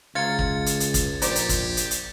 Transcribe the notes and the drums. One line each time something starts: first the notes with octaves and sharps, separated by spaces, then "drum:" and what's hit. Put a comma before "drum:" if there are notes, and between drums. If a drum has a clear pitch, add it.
C#2 F#3 F4 G#6 A6 C#7
drum: kick
drum: hi-hat
drum: hi-hat
drum: kick, hi-hat
A#1 D#4 G4 C5 D5, drum: hi-hat
drum: hi-hat
drum: kick, hi-hat
drum: hi-hat
drum: hi-hat